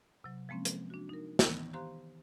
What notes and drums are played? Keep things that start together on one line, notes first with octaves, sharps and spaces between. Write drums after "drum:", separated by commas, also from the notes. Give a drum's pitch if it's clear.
C3 F#3
F3 G#3 A#3 C4 C#4
drum: hi-hat
D4 F#4
D#4 A#4
D#3 E3 B3, drum: snare
G4 C5 F5 A#5 C6 F#6